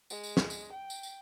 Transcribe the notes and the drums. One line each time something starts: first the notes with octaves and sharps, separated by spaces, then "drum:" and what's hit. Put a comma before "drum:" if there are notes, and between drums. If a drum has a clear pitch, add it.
G#3, drum: tambourine
drum: tambourine
drum: snare
drum: tambourine
G5
drum: tambourine
drum: tambourine